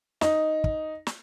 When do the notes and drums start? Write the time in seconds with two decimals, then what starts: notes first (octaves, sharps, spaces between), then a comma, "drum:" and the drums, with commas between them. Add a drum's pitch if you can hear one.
0.21 D#4, drum: snare
0.64 drum: kick
1.07 drum: snare